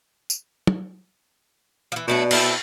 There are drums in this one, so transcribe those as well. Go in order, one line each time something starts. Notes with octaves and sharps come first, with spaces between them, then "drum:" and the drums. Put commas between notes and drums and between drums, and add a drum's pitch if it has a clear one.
drum: tambourine
drum: tom
E3 F3
B2 F#3 A3 D4
C4 E4 A4, drum: cymbal